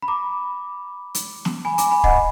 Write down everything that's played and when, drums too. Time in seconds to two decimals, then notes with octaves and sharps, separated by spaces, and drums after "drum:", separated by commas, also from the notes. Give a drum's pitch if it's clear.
0.02 B5
0.08 A#5 D6
1.15 drum: hi-hat
1.45 drum: snare
1.65 G#5 B5
1.78 A#5 D6, drum: hi-hat
1.91 G#5 B5
2.04 D#5 F#5, drum: kick